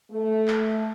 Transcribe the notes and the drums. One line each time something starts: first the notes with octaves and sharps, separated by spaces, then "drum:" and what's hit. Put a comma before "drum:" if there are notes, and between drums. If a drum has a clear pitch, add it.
A3
drum: clap